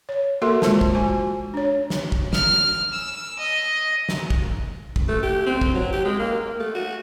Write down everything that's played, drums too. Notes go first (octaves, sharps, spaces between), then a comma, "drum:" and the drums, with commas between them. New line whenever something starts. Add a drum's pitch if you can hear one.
C#5
A#3 F#4 A4 A#4 E5 C6
G#3 F4 C5 A5, drum: snare
drum: kick
F#4 C5 G#5
D4 C#5
drum: snare
drum: kick
F6, drum: snare
E6
D#5
drum: snare
drum: kick
drum: kick
A3
G4
C4
drum: kick
F#3
G4
G#3
A#3
A#3
A3
F#4